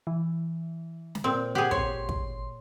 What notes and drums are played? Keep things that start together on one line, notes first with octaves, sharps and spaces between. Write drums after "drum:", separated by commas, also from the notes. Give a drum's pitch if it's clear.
E3
drum: snare
A#2 C4
G4 G#4 F#5
C#5 C6, drum: kick
drum: kick